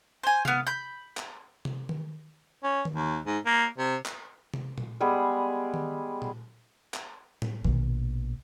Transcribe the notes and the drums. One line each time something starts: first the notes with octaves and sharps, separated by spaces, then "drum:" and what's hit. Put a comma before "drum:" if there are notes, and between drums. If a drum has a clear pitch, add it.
C5 G#5
B3 F5, drum: tom C3
B5 G6
drum: clap
drum: tom C3
drum: tom D#3
C#4
drum: tom D#3
D#2
G#2
A#3
C3
drum: clap
drum: tom C3
drum: tom A#2
G3 G#3 B3 G#4
drum: tom D#3
drum: tom A#2
drum: clap
drum: tom
A#1 B2, drum: tom D#3